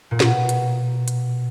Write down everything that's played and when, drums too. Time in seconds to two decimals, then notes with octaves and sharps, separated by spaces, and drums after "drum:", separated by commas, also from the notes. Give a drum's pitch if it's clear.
0.11 A#2
0.20 B2, drum: snare
0.49 drum: hi-hat
1.08 drum: hi-hat